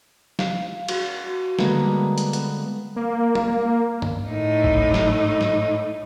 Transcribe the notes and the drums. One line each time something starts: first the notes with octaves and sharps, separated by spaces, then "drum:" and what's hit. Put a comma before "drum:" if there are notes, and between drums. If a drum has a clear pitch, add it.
F5, drum: snare
F#4, drum: cymbal
D3 G3 G#3 A#3 B3 B4, drum: snare
drum: hi-hat
B3, drum: hi-hat
A#3
drum: tom
drum: tom
A2 D#4
drum: kick G1
drum: snare
drum: snare